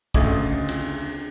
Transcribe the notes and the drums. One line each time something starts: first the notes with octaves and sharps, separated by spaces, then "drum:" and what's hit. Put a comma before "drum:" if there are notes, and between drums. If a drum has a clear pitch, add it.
D2 C#3 D#5 D6 D#6, drum: kick, cymbal
drum: cymbal